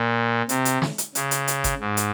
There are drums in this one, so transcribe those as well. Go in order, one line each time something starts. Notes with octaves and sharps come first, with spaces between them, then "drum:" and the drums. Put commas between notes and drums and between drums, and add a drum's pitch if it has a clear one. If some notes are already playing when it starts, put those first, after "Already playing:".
Already playing: A#2
C3, drum: hi-hat
drum: hi-hat
drum: snare
drum: hi-hat
C#3, drum: hi-hat
drum: hi-hat
drum: hi-hat
drum: kick G1, hi-hat
G#2
drum: hi-hat